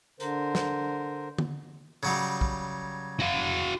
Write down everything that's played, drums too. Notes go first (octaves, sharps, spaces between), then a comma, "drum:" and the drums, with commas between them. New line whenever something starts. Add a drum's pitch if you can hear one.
D3 A#4 C5, drum: hi-hat
drum: snare
drum: tom D3
C#3 F#3 G3
drum: kick
F#4 F5